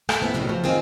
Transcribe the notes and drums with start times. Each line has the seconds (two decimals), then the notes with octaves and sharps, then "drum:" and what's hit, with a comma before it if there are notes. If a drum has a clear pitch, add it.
0.09 A3, drum: rim click
0.22 B3 C4 E4 F4
0.34 F2 A2 C#3 E3 F#3
0.49 F3
0.64 D#3 C4 F4 G#4